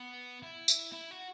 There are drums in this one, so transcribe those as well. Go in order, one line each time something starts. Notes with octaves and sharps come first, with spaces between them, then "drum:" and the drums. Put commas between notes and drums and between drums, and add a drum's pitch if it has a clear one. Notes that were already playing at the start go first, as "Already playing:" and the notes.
Already playing: B3
E4
drum: tambourine
E4
F#4